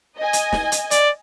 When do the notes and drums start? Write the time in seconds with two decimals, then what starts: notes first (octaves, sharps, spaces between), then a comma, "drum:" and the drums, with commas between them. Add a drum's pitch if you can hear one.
0.17 D#5 G#5
0.33 drum: hi-hat
0.52 drum: snare
0.72 drum: hi-hat
0.91 D5, drum: hi-hat